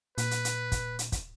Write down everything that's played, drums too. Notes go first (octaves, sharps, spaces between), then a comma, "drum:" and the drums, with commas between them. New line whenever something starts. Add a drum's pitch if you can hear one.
A#2 B4, drum: hi-hat
drum: hi-hat
drum: hi-hat
drum: kick, hi-hat
drum: hi-hat
drum: kick, hi-hat